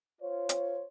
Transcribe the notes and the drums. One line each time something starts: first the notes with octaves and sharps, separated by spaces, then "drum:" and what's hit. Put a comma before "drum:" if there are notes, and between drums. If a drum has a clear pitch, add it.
F4 C5 C#5
drum: hi-hat